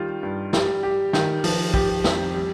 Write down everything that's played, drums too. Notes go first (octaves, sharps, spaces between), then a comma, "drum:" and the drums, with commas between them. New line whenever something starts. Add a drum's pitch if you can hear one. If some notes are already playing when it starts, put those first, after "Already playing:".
Already playing: D#3 G3 F4
G2
G3, drum: snare
G4
D#3, drum: snare
F3, drum: open hi-hat
G4, drum: kick
F2, drum: snare
G3